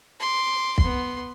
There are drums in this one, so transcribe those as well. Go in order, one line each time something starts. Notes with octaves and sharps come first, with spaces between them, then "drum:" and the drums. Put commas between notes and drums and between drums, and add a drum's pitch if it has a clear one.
C6 D6
B3 C6, drum: kick